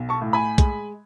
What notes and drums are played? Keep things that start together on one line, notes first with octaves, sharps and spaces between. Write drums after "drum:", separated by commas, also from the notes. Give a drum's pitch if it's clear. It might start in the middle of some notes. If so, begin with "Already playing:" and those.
Already playing: B1
A5 C#6
A2
G#5 B5
G#3, drum: kick, hi-hat